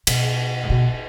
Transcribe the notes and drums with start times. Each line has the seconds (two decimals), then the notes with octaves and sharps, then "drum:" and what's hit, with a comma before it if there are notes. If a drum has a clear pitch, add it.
0.07 B2, drum: cymbal
0.63 A2
0.70 B2